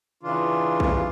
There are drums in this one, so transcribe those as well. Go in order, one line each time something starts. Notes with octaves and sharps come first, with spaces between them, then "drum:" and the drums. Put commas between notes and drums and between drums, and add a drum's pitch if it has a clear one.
C#3 E3 D4 F4
drum: kick A#1